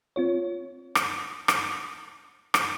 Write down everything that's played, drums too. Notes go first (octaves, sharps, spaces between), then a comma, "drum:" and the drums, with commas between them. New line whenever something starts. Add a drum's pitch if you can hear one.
C4 F4 C#5
drum: rim click
drum: rim click
drum: rim click